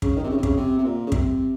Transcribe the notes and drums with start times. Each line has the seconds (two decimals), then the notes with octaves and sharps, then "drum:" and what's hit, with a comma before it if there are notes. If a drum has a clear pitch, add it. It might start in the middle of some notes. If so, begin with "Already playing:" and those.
0.02 C#3, drum: kick
0.16 D#3
0.24 C3
0.30 C#3
0.38 C3
0.43 C#3, drum: kick
0.57 C3
0.78 C3
0.84 A#2
1.07 C#3
1.12 C3, drum: kick